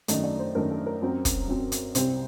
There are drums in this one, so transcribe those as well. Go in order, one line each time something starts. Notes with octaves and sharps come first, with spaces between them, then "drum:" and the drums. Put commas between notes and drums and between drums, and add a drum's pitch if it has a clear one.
F#2 D#3 A3 D4 D#5, drum: hi-hat
D5
C5
F#2 D#3 A3 D4 A#4
A4
A#4
F#2 F#3 C4
drum: kick, hi-hat
F#2 F#3 C4
drum: hi-hat
C2 C3 G3 C4 C5, drum: hi-hat